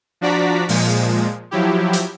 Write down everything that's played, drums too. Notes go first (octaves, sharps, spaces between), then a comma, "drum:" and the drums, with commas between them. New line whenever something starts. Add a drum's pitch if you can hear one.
F3 D4 F#4 D5 A#5 B6
A#2 F3 G#3, drum: open hi-hat
F3 F#3 E4 G4
drum: hi-hat